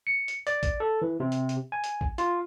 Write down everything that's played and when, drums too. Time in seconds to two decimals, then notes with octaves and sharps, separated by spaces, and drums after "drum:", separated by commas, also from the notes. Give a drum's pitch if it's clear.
0.07 C#7
0.28 drum: hi-hat
0.47 D5, drum: hi-hat
0.63 drum: kick A#1, hi-hat
0.80 A4
1.02 E3
1.20 C3
1.32 drum: hi-hat
1.49 drum: hi-hat
1.72 G#5
1.84 drum: hi-hat
2.01 drum: kick A#1
2.18 F4, drum: hi-hat